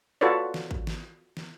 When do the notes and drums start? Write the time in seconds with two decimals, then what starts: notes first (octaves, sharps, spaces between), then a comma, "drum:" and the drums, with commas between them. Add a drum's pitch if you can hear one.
0.21 F4 F#4 A4 B4 C#5 D5
0.54 drum: snare
0.71 drum: kick
0.87 drum: snare
1.37 drum: snare